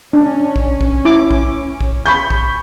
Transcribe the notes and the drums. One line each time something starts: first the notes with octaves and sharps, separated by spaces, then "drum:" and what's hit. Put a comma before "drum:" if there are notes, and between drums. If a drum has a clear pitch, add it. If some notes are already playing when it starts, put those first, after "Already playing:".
C#4 D4
drum: kick
drum: kick
E4 D6
drum: kick
drum: kick
B5 C#6 G6
drum: kick